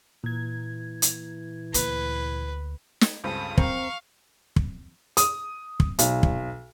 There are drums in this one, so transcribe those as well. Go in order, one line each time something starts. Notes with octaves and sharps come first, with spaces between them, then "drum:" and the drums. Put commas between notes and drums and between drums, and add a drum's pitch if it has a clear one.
A#2 E3 G#6
drum: hi-hat
D2 A#3 B4, drum: hi-hat
drum: snare
C#2 G2 C4 A4 D#6
C4 A#4 F5 C#6, drum: kick
drum: kick
D#6, drum: hi-hat
drum: kick
B1, drum: hi-hat
drum: kick